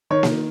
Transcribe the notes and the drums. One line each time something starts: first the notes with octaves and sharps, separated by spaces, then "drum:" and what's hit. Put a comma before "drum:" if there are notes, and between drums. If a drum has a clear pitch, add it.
D#3 C#5
drum: snare A#3